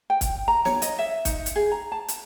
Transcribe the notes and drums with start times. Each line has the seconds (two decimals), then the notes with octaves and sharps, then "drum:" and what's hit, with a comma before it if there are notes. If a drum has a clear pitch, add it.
0.10 G5
0.21 drum: kick C#1, hi-hat
0.48 A#5
0.65 C#5, drum: snare
0.82 D#5, drum: hi-hat
0.99 E5
1.25 D#4, drum: kick C#1, hi-hat
1.46 drum: hi-hat
1.56 G#4
1.72 A#5
1.92 A5
2.08 drum: hi-hat